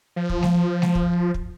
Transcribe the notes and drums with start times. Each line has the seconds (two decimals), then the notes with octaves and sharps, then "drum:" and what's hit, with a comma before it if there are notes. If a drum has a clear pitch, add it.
0.16 F3
0.29 drum: kick
0.43 drum: snare G#3
0.82 drum: snare G#3
0.95 drum: kick
1.34 drum: kick